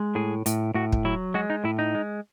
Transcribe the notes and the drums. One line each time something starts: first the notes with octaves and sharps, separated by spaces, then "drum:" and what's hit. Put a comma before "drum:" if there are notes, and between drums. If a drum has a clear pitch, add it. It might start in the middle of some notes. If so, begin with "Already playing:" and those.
Already playing: G#3
A2 G#4
A2, drum: hi-hat
A2 F#4
drum: kick
F#3 E4
G#3 F#4
D#4
A2 E4
D#4
G#3